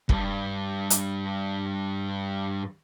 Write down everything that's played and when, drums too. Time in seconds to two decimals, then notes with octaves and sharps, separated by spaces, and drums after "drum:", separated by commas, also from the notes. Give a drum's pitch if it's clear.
0.09 C#2 G2, drum: kick
0.90 drum: hi-hat